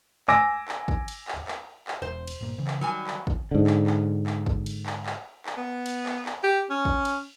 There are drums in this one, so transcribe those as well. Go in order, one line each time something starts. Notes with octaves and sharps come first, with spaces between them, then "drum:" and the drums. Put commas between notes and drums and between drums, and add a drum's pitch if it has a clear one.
G#5 D6 E6 A#6, drum: clap
drum: clap
drum: kick
drum: cymbal
drum: clap
drum: clap
drum: clap
E1 C5
drum: cymbal
G1 A#2
C#3 E3
drum: clap
D#3 F#3 G3 G#5
drum: clap
drum: kick
G#2 D3
drum: clap
drum: clap
drum: clap
drum: kick
drum: cymbal
drum: clap
drum: clap
drum: clap
B3
drum: cymbal
drum: clap
drum: clap
G4
C#4
drum: kick
drum: cymbal